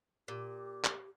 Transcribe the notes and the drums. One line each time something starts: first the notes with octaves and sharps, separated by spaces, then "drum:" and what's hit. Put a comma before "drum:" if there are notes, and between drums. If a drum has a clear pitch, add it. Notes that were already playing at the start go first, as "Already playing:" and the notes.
A#2 G4
drum: clap